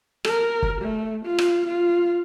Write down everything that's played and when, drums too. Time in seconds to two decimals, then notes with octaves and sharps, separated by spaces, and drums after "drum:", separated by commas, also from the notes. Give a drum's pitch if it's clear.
0.24 A#4, drum: rim click
0.62 drum: kick
0.81 A3
1.25 F4
1.38 drum: rim click
1.67 F4